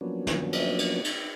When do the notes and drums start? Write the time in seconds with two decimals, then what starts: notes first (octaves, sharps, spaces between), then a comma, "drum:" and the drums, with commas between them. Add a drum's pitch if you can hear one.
0.01 F3 F#3 A#3 B3 C#4 D4
0.27 drum: snare
0.53 drum: cymbal
0.79 drum: cymbal
1.04 drum: cymbal